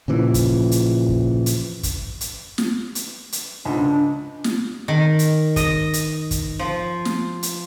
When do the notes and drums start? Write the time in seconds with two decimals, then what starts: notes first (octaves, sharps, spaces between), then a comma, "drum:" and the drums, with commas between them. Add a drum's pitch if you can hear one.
0.08 A#2 C#3 E3 F3
0.34 drum: kick, hi-hat
0.71 drum: hi-hat
1.09 drum: kick
1.46 drum: hi-hat
1.83 drum: kick, hi-hat
2.21 drum: hi-hat
2.58 drum: snare
2.95 drum: hi-hat
3.32 drum: hi-hat
3.65 C#2 G#2 D4
4.44 drum: snare
4.88 D#3
5.19 drum: hi-hat
5.56 D#5, drum: kick, hi-hat
5.93 drum: hi-hat
6.31 drum: kick, hi-hat
6.59 F3
7.05 drum: snare
7.43 drum: hi-hat